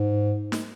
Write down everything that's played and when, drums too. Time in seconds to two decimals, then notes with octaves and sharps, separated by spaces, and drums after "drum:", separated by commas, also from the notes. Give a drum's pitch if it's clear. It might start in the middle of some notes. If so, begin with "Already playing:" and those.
Already playing: G#2
0.52 drum: snare